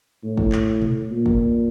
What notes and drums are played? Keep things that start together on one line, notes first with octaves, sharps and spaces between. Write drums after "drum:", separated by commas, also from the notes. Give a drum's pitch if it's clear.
A2
drum: kick
drum: clap
drum: tom A#2
A#2
drum: kick